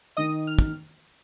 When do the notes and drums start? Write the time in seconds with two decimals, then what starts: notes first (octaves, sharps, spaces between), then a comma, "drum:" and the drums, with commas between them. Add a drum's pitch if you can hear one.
0.17 D#3 D#5 D#6
0.47 F6
0.59 drum: kick